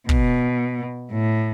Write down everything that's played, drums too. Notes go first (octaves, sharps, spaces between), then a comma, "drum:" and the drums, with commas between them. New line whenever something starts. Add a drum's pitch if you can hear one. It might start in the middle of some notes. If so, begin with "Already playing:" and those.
B2, drum: kick
A2